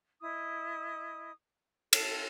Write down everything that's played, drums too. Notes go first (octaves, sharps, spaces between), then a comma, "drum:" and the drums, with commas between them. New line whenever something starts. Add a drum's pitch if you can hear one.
E4 D#5 D#6
A4, drum: cymbal